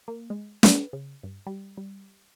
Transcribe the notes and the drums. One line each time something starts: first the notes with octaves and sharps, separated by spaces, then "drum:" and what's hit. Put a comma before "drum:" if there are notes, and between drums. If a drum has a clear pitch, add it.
A#3
G#3
B4, drum: snare
C#3
G2
G3
G3